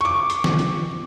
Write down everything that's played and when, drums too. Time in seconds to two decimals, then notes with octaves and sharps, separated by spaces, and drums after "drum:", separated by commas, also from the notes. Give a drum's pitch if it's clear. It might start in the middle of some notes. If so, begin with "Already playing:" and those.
0.01 C#6 D6
0.30 drum: hi-hat
0.44 drum: snare
0.59 drum: hi-hat